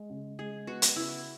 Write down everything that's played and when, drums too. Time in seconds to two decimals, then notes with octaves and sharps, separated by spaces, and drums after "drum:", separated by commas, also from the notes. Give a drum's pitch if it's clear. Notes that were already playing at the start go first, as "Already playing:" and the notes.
Already playing: G#3
0.10 C#3
0.39 G#3 G#4
0.67 B3 F#4
0.82 drum: hi-hat
0.96 C#3 E4